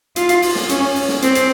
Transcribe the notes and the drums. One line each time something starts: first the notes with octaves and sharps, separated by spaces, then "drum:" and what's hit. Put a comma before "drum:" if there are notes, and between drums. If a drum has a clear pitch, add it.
F4, drum: hi-hat
drum: hi-hat
drum: open hi-hat
drum: snare
C#4, drum: hi-hat
drum: open hi-hat
drum: snare
C4, drum: hi-hat
drum: hi-hat